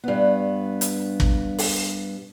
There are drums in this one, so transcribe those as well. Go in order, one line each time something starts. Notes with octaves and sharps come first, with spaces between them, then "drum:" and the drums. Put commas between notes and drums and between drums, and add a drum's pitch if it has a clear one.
G2 B3
drum: hi-hat
drum: kick
drum: open hi-hat